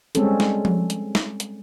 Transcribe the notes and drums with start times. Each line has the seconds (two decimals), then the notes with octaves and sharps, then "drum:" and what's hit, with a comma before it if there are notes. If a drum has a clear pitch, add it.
0.15 G3 G#3 C4 C#4 A4, drum: hi-hat
0.40 drum: snare
0.65 drum: tom F3
0.90 drum: hi-hat
1.15 drum: snare
1.40 drum: hi-hat